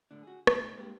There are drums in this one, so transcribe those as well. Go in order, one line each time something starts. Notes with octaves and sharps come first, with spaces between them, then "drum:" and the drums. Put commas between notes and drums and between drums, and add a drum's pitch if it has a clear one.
A2 D3 D4
F#4 G#4
A#2 A3 D#4 G#5 A5, drum: rim click
G3 G#3 A#3 C4 D4 G4